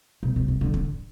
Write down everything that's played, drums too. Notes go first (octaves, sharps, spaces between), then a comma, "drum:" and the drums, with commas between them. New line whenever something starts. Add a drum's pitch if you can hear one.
B2
C3
C3
D3
D3, drum: kick